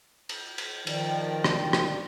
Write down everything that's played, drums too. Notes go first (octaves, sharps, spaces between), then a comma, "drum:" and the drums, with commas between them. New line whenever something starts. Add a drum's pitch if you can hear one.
drum: cymbal
drum: cymbal
D#3 F3 D5 G5, drum: cymbal
drum: rim click
drum: rim click